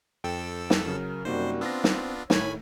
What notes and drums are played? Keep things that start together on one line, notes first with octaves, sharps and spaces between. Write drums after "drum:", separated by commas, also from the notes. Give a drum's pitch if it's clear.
F2 A4 G5 E6
drum: snare
C#3 F#3 A#4
F#2 C3 G3 A#3 D#4 F#4 C5
B3 C4 D4 F4 E6 A#6
drum: snare
A2 D#3 A3 C#5 G#5 B5, drum: snare